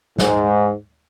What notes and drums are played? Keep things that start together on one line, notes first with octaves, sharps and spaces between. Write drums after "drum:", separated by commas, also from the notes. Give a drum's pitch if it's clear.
G#2, drum: snare